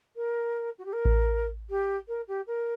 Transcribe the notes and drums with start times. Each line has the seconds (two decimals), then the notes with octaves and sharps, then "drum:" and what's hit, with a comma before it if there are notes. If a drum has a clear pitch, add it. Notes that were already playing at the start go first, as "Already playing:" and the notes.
0.16 A#4
0.78 F#4
0.85 G4
0.93 A#4
1.05 drum: kick A1
1.70 G4
2.08 A#4
2.28 G4
2.47 A#4